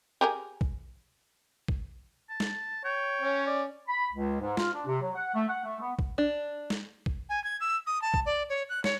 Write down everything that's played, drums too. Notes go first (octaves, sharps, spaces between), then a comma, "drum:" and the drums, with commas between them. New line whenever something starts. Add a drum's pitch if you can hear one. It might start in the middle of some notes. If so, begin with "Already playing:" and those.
G4 G#4 A#4
drum: kick
drum: kick
A5
drum: snare
C#5 G5
C#4
D5
B5
C#2
G#2
F4, drum: snare
D4
C3
F#3
F#5
A3
F#5
A3
B3
drum: kick
D4
drum: snare
drum: kick
G#5
G#6
E6
D#6
A5
drum: kick
D5
C#5
F#6
C#5, drum: snare